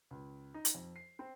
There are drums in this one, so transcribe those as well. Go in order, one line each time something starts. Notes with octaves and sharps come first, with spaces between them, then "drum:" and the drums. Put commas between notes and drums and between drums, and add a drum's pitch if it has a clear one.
C#2
D#4
drum: hi-hat
F2
C7
C4